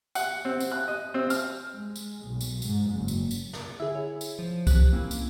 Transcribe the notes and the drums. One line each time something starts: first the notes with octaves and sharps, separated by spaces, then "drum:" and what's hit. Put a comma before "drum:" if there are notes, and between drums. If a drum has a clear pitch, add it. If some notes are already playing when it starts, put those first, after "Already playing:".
F#5, drum: tambourine
C4
drum: tambourine
F#6
D#5
C4
F6, drum: tambourine
G#3
drum: tambourine
B1
drum: tambourine
G#2, drum: tambourine
F#1
drum: tambourine
drum: tambourine
drum: snare
D3 E4 G#4 E5
E4 C#5
drum: tambourine
F3
G4 F#6, drum: kick C2, tambourine
A#3 C4 C#4 E4
drum: tambourine